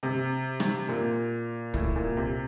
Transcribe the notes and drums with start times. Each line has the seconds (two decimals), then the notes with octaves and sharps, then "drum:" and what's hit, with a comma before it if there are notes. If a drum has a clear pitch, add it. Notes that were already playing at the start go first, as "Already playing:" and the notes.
0.03 C3
0.60 drum: rim click
0.88 A#2
1.74 A2, drum: kick
1.96 A#2
2.17 C3